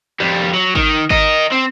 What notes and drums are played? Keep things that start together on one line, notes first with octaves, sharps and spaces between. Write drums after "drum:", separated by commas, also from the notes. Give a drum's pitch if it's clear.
F2 G3
F#3
D#3, drum: kick G#1
A#4 D#5, drum: kick G#1
C4